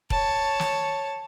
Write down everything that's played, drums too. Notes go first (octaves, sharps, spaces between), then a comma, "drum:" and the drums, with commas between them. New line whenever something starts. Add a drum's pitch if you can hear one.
C#5 A5, drum: kick E1
drum: snare